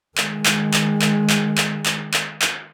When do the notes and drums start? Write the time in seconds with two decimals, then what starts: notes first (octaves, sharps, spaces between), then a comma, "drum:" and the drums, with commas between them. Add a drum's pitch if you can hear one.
0.18 D#3 G#3, drum: clap
0.46 drum: clap
0.74 drum: clap
1.02 drum: clap
1.30 drum: clap
1.58 drum: clap
1.86 drum: clap
2.14 drum: clap
2.42 drum: clap